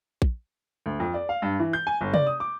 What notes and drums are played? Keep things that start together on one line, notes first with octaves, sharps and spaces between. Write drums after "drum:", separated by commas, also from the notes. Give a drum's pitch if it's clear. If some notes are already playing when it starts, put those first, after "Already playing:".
drum: kick A#1
D2
F2
D5
F5
G2
E3
G6
G#5
G1
D5, drum: tom
D#6
D6